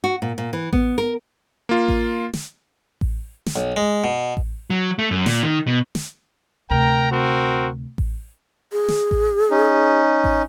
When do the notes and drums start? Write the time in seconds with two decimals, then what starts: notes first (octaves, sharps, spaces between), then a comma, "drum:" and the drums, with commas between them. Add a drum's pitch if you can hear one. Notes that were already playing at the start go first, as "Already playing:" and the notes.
0.04 F#4
0.22 A#2
0.38 A#2
0.53 E3
0.73 B3, drum: kick A1
0.98 A#4
1.69 A#3 F4
1.88 drum: kick A1
2.34 drum: snare
3.01 drum: kick A1
3.46 drum: snare
3.56 B1
3.77 G#3
4.04 B2
4.37 drum: kick A1
4.70 F#3
4.99 A3
5.11 F#2
5.26 A#2, drum: snare
5.43 D#3
5.67 B2
5.95 drum: snare
6.70 D2 C3 A#4 G5 A#5
7.11 C4 F#4 A#4
7.98 drum: kick A1
8.72 G#4
8.88 drum: snare
9.11 drum: kick A1
9.51 C#4 D#4
10.24 drum: kick A1